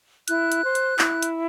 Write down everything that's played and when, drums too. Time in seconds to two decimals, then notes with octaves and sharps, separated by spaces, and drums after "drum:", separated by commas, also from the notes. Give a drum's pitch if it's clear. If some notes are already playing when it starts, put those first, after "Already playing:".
0.28 E4 F#6, drum: hi-hat
0.52 drum: hi-hat
0.64 C5
0.75 drum: hi-hat
0.99 E4, drum: clap
1.22 drum: hi-hat